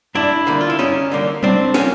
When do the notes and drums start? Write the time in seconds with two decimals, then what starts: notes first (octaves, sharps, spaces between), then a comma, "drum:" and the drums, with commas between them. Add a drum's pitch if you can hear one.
0.15 G2 D4 E4
0.47 D3 G3 A#3
0.61 F4
0.70 E4
0.79 G2 C#4 D#4
1.12 D3 G3 A#3
1.43 A2 C4 D4, drum: tom F#3
1.74 F3 A#3 B3 C#4, drum: snare